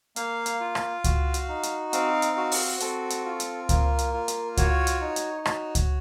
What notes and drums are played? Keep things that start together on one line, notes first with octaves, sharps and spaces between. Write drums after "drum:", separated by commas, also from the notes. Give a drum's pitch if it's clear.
A#3 F5, drum: hi-hat
drum: hi-hat
F4
drum: rim click
F#4, drum: kick C#2, hi-hat
drum: hi-hat
D#4
drum: hi-hat
C4 F5, drum: hi-hat
drum: hi-hat
F#4
drum: open hi-hat
C4 A4, drum: hi-hat
drum: hi-hat
F4
drum: hi-hat
A#3 A#4, drum: kick C#2, hi-hat
drum: hi-hat
F4
drum: hi-hat
F#4 C#5, drum: kick C#2, hi-hat
drum: hi-hat
D#4
drum: hi-hat
F#4 C#5, drum: rim click
drum: kick C#2, hi-hat